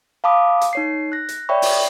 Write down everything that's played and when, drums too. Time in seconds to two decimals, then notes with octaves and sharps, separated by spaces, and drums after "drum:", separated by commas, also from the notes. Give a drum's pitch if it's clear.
0.24 F5 A5 B5 D6 D#6
0.61 drum: hi-hat
0.73 D#4 C#5 C7
1.12 F#6 A#6
1.29 drum: hi-hat
1.49 C#5 D5 E5 G5 B5 C#6
1.62 drum: open hi-hat